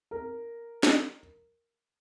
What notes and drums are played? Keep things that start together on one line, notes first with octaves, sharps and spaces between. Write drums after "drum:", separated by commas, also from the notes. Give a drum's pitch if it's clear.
A#4
drum: snare